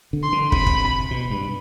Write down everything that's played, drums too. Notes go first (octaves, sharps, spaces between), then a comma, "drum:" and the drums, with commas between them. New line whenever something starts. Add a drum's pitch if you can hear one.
D3
C6
D3
C3 B5, drum: kick
drum: kick
B2
G2